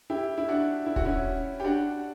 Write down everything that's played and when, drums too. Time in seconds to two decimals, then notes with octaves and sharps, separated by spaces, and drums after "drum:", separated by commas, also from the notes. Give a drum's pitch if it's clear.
0.10 E4 G4
0.38 E4
0.48 D4 F#4
0.86 E4
0.96 F#4, drum: kick D#1
1.05 C#4 E4
1.60 G4
1.64 D4 F#4